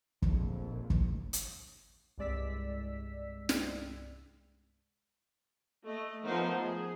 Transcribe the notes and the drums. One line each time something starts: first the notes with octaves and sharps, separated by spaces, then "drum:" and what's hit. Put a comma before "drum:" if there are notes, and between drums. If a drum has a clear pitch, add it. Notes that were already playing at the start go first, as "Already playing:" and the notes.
A#1 F2, drum: kick
drum: kick
drum: hi-hat
C2 G2 G#3 D5 E6 B6
drum: snare
A3 D#5
F3 A3 B3 D#4 A#4 C5
G#4